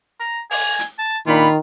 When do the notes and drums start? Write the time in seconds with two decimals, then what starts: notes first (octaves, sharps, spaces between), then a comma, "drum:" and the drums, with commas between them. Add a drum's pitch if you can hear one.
0.20 A#5
0.51 G#5, drum: open hi-hat
0.79 drum: hi-hat
0.99 A5
1.27 A#2 D#3 D4 F4 B5